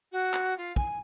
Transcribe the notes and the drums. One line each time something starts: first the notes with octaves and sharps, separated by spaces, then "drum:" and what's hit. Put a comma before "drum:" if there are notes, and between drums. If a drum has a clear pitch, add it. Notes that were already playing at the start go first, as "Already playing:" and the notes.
F#4
drum: clap
F4
G#5, drum: kick